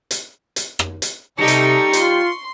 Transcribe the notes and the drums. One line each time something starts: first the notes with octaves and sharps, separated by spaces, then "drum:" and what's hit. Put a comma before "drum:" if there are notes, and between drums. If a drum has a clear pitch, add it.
drum: hi-hat
drum: hi-hat
drum: rim click
drum: hi-hat
C3 G3 D#4 G4 A4 C#6
drum: hi-hat
F4 C6, drum: hi-hat